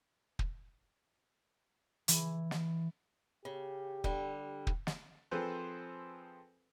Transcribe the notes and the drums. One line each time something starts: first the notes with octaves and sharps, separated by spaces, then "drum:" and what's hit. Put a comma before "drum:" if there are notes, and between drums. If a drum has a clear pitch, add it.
drum: kick
E3, drum: hi-hat
drum: snare
C#3 G4
D3 G3, drum: kick
drum: kick
drum: snare
F3 C4 G#4 A4 B4 C5